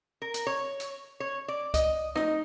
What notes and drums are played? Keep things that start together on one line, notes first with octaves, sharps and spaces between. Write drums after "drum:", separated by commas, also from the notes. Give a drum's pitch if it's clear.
A#4
drum: hi-hat
C#5
drum: hi-hat
C#5
D5
D#5, drum: kick C#2, hi-hat
D#4, drum: rim click